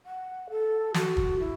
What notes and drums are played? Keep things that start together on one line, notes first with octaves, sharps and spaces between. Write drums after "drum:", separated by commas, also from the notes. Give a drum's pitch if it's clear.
F#5
A4
F#4, drum: snare
drum: kick
E4